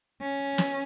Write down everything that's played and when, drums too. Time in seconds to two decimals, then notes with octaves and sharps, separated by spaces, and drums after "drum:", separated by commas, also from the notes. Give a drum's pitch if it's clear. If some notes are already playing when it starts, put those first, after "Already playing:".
0.21 C#4
0.58 drum: snare